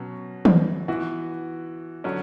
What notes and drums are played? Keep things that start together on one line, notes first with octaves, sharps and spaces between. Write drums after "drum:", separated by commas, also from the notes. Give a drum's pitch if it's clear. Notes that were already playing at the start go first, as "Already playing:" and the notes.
Already playing: B2 F#3 C#4
drum: tom
E3 B3 F#4
D3 F#3 C#4